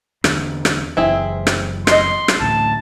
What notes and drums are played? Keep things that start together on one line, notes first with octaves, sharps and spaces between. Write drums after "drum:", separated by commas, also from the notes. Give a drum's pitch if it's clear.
E2 D3, drum: rim click
drum: rim click
F#1 E3 C4 E4 G#4
drum: rim click
D#5 F#5 C6, drum: rim click
drum: rim click
A1 D2 A2 A5